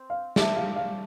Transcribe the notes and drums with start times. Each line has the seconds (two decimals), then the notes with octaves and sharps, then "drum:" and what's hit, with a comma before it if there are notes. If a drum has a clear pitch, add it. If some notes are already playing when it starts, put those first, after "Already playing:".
Already playing: C4
0.10 F5
0.36 A3 D4 G4 E5, drum: snare
0.56 F5
0.76 F5